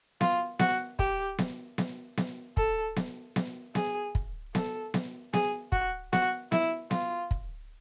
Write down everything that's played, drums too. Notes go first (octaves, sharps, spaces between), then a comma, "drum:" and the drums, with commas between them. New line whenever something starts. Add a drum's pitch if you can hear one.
F4, drum: snare B3
F#4, drum: snare B3
G4, drum: kick
drum: snare B3
drum: snare B3
drum: snare B3
A4, drum: kick
drum: snare B3
drum: snare B3
G#4, drum: snare B3
drum: kick
A4, drum: snare B3
drum: snare B3
G#4, drum: snare B3
F#4, drum: kick
F#4, drum: snare B3
E4, drum: snare B3
F4, drum: snare B3
drum: kick